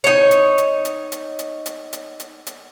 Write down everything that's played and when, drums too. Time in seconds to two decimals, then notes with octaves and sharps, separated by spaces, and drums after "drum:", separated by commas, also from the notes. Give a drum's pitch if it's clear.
0.04 D#4 C#5
0.31 drum: hi-hat
0.58 drum: hi-hat
0.85 drum: hi-hat
1.12 drum: hi-hat
1.39 drum: hi-hat
1.66 drum: hi-hat
1.93 drum: hi-hat
2.20 drum: hi-hat
2.47 drum: hi-hat